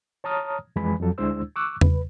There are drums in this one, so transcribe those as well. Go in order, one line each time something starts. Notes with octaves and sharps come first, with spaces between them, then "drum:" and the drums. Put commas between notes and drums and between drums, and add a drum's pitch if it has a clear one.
C#5 A5 A#5 D#6 F6
F2 E3 G#3 B4 G#5 B5
F2 F#3 A4
D2 G#3 D4 E4 C5 E6
C#6 D6 E6 F#6
B4, drum: tom E2